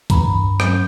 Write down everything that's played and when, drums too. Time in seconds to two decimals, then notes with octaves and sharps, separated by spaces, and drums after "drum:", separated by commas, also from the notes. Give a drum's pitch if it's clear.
0.10 E3 A#5 B5, drum: kick, hi-hat
0.26 G2
0.60 F#3 C#4 G6, drum: rim click